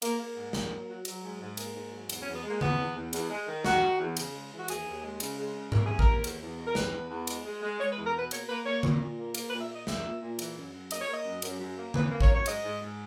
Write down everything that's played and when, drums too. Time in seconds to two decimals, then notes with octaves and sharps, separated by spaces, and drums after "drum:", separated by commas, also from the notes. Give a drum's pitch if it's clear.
0.02 A#3, drum: cymbal
0.19 A#3
0.36 G#2
0.53 A#3, drum: snare
0.71 F#3
0.88 F#3
1.05 F#3, drum: cymbal
1.23 G#2
1.40 G#2
1.57 A#3, drum: cymbal
1.75 G#2
1.92 F#3
2.09 E2, drum: cymbal
2.22 C#4
2.27 E2
2.35 B3
2.44 G#3 A#3
2.61 E2 B3, drum: tom D3
2.78 E2
2.95 E2
3.13 E2, drum: cymbal
3.30 G#3
3.48 D#3
3.64 D#3 F#4, drum: snare
3.82 D#3
4.00 E2
4.17 C#3, drum: cymbal
4.34 G#3
4.51 E3
4.57 F#4
4.68 D#2 G#4, drum: cymbal
4.86 D#2
5.03 G#3
5.20 C#3, drum: cymbal
5.38 G#3
5.54 C#3
5.72 E3 A#4, drum: tom G#2
5.85 D#2 G#4
5.99 A#4, drum: kick A1
6.06 D#2
6.24 E2, drum: cymbal
6.41 E2
6.58 B2
6.66 A#4
6.75 E2 B4, drum: snare
6.93 E2
7.10 E2
7.27 G#3, drum: cymbal
7.45 G#3
7.62 G#3
7.79 G#3 C#5
7.92 B4
7.97 E2
8.05 A#4
8.14 B2 B4
8.31 A#3 C#5, drum: cymbal
8.49 A#3 B4
8.66 A#3 C#5
8.83 A#2, drum: tom D3
9.00 A#2
9.18 A#3
9.34 A#3, drum: cymbal
9.48 B4
9.52 A#2
9.61 E5
9.69 A#3 D#5
9.87 A#3 E5, drum: snare
10.04 A#2
10.21 A#2
10.39 E3, drum: cymbal
10.56 F#2
10.73 F#2
10.91 A#3 D#5, drum: cymbal
11.01 C#5
11.08 A#3
11.13 D#5
11.25 F#2
11.42 F#2, drum: cymbal
11.60 F#2
11.77 A#3
11.94 E3 B4, drum: tom D3
12.11 A#3
12.20 C#5, drum: kick A1
12.28 F#2
12.35 C#5
12.46 G#2 D#5, drum: cymbal
12.63 G#2
12.81 G#2